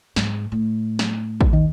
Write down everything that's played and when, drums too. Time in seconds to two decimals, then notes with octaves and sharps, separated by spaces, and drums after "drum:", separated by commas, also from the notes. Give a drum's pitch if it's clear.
0.16 G#2, drum: snare
0.52 A2
0.99 drum: snare
1.41 drum: kick A1
1.53 D#2 D#3